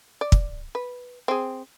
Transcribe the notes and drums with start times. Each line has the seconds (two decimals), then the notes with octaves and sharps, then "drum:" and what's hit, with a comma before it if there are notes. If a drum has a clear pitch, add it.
0.21 D5
0.32 drum: kick
0.75 B4
1.28 C4 G#4